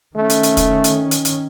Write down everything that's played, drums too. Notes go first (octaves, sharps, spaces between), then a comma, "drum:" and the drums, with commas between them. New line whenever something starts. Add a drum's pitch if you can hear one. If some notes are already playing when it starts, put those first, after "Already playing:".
D#3 A3 C#4
drum: hi-hat
drum: hi-hat
drum: kick, hi-hat
drum: hi-hat
drum: hi-hat
drum: hi-hat